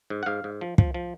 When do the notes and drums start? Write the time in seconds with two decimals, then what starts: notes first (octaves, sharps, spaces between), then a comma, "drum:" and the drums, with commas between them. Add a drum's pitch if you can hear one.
0.10 G#2
0.23 F#5
0.26 G#2 F5
0.44 G#2
0.61 F3
0.78 F3, drum: kick
0.94 F3